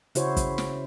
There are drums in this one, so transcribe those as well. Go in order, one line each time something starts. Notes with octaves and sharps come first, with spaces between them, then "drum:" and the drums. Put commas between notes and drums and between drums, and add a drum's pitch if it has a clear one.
C#3 E4 F#4 C5 C#5, drum: hi-hat
drum: kick, hi-hat
drum: snare